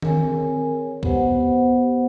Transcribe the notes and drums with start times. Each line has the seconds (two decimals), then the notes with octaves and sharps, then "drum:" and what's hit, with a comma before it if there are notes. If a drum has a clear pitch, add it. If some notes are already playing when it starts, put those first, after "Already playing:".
0.02 C4 G#4 A#4 C#5 G#5, drum: tom D#3
1.03 B3 G4 B4 C5 F#5, drum: kick C#2